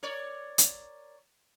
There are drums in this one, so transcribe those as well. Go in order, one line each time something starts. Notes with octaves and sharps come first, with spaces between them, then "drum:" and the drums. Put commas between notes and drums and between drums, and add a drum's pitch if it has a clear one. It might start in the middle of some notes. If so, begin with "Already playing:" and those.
A#4 C#5 D5
drum: hi-hat